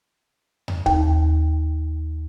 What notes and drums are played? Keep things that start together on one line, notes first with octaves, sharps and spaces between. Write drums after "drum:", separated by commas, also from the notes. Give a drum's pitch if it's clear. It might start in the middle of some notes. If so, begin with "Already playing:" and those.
drum: tom E2
D#2, drum: kick